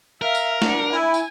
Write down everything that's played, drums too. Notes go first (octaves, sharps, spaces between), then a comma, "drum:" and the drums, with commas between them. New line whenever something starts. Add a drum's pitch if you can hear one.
A#4 E5 F5
drum: tambourine
D4 F#5, drum: snare
E4 G#5
drum: tambourine